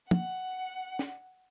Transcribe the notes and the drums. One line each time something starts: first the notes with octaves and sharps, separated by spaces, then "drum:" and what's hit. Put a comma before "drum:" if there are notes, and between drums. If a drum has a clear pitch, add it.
F#5, drum: tom
drum: snare